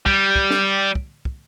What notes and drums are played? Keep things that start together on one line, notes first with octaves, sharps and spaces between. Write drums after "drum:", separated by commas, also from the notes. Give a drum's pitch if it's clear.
G3, drum: kick
drum: kick
drum: snare
drum: kick
drum: kick